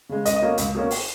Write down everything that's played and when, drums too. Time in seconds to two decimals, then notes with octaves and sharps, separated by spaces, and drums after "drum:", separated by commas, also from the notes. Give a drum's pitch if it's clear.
0.09 C#3 G#3
0.25 C#2 D#5, drum: hi-hat
0.36 D#5
0.42 B2 A#3 C#4
0.58 C#2, drum: hi-hat
0.75 B2 A#3 C#4
0.91 drum: open hi-hat